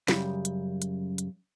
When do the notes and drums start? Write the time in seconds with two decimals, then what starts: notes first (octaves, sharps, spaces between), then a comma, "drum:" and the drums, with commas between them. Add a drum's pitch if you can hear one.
0.08 F#2 C#3 G3, drum: snare
0.45 drum: hi-hat
0.82 drum: hi-hat
1.18 drum: hi-hat